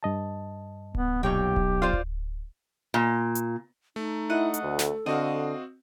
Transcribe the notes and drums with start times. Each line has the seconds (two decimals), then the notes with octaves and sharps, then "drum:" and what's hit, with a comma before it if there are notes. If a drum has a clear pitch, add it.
0.03 G2 D#5 A5
0.95 B3, drum: kick D1
1.23 B1 A#2 G4 C#5 G5
1.56 drum: kick D1
1.82 F4 C5 D5 F5
1.93 drum: kick D1
2.94 A#2
3.35 drum: hi-hat
3.96 A3 D#4
4.30 E4 D#5 F#5
4.54 drum: hi-hat
4.63 D2 A4
4.79 drum: snare
5.06 D3 C4 F#4 D#5 F5